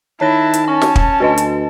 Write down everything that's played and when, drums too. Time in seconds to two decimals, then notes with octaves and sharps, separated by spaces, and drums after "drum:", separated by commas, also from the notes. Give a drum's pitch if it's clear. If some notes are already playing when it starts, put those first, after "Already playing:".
0.21 D#3 E4 C#5 A5 F#6 A#6
0.54 drum: hi-hat
0.68 C#4 G#5 A5 C#6
0.82 drum: snare
0.96 drum: kick
1.20 D2 F#4 B4 D#5
1.38 drum: hi-hat